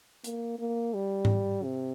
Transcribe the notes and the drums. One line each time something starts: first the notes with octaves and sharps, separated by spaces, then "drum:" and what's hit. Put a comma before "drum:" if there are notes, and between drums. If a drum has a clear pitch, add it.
A#3, drum: hi-hat
A#3
G3
drum: tom G#2
C3